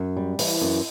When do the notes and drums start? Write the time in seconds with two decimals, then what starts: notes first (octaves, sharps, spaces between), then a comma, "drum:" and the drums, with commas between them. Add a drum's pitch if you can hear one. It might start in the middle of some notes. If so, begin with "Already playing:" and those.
Already playing: F#2
0.17 G3
0.39 E3, drum: open hi-hat
0.61 F#2